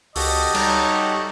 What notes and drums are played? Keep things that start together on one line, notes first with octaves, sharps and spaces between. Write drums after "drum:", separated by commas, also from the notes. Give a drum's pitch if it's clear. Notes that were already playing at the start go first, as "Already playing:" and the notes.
C#2 F#4 G4 A4 D#5, drum: open hi-hat
G3 D#4, drum: cymbal